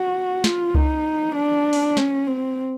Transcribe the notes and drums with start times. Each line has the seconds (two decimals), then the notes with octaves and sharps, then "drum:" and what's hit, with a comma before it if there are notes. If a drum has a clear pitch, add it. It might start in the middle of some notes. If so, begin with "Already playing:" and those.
Already playing: F#4
0.44 F4, drum: snare
0.75 D#4, drum: kick C#2
1.36 D4
1.73 drum: open hi-hat
1.97 C#4, drum: snare
2.27 C4